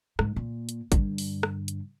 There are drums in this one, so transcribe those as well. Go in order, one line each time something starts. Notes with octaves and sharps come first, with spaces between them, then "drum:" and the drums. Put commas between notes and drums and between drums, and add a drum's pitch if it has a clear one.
G#2, drum: rim click
A#2
drum: hi-hat
G2 D3, drum: kick, hi-hat
drum: open hi-hat
drum: rim click
drum: hi-hat